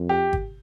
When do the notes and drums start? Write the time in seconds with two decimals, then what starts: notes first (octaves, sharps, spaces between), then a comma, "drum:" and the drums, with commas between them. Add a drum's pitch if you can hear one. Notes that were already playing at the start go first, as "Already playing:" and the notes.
Already playing: F2
0.09 G4
0.33 drum: kick